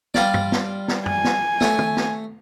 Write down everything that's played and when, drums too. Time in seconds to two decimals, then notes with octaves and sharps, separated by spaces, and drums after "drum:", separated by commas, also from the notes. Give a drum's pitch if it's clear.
0.14 G3 F4 D5, drum: snare
0.34 drum: tom
0.52 drum: snare
0.88 drum: snare
1.06 G#5, drum: tom
1.24 drum: snare
1.60 A3 C#5, drum: snare
1.79 drum: tom
1.97 drum: snare